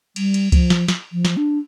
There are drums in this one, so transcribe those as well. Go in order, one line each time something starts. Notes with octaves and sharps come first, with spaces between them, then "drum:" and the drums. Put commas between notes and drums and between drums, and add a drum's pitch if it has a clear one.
G3, drum: cymbal
drum: cymbal
F3, drum: kick C#2, cymbal
drum: snare
drum: snare
F3
drum: snare
D4